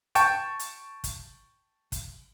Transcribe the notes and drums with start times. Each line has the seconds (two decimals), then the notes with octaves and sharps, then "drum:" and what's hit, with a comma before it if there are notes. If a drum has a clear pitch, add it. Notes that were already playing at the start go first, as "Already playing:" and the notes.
0.15 G5 A5 C#6, drum: hi-hat
0.59 drum: hi-hat
1.04 drum: kick, hi-hat
1.92 drum: kick, hi-hat